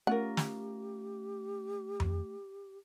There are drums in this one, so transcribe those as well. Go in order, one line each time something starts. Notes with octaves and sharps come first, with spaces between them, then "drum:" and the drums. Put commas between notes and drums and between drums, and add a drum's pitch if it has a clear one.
A3 C#4 F4 G4 A#4 F#5
drum: snare
drum: tom F2